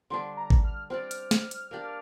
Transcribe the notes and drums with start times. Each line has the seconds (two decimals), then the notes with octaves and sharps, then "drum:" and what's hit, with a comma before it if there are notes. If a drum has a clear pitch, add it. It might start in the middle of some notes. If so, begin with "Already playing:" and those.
0.10 D3 G3 D4 C6
0.37 A#5
0.50 drum: kick G#1
0.64 F6
0.90 C4 G4 D5 F6
1.11 drum: hi-hat
1.31 drum: snare
1.51 drum: hi-hat
1.71 A#3 D4 G4 D5